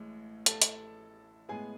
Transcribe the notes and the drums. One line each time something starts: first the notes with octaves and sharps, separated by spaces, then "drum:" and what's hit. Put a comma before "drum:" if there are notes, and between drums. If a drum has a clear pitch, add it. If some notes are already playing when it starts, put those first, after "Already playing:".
Already playing: A1 A2 G#3
A4 A5, drum: hi-hat
drum: hi-hat
A2 G#3 B3 G#4 G#5